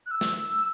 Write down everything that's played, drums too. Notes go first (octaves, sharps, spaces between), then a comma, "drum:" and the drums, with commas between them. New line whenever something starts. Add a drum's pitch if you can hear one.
F#6
E6
drum: snare